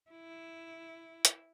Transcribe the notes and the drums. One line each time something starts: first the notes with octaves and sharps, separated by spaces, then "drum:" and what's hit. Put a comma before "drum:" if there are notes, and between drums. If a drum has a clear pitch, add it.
E4
drum: hi-hat